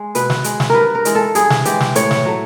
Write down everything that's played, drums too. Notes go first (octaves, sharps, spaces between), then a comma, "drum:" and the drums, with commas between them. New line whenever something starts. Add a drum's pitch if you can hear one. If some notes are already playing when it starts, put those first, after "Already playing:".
Already playing: G#3
B2 B4, drum: hi-hat
drum: snare
G#3, drum: hi-hat
drum: snare
G2 A#4 B4
A#4
E3 G#3, drum: hi-hat
A4
G2 G#4, drum: hi-hat
drum: snare
E3 G#3 G4, drum: hi-hat
drum: snare
A2 C#5, drum: hi-hat
drum: snare
F#3 A3